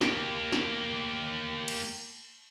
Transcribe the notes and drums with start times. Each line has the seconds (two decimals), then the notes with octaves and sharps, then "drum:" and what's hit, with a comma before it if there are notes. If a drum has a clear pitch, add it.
0.01 A#3 G4, drum: snare
0.52 drum: snare
1.68 drum: cymbal